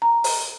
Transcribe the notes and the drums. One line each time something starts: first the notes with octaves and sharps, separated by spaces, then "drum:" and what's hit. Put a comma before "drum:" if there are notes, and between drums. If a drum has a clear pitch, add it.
A#5
drum: open hi-hat